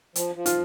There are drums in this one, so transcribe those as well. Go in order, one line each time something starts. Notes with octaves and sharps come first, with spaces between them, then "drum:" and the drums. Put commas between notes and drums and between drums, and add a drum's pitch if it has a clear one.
F3, drum: hi-hat
F3
F4, drum: hi-hat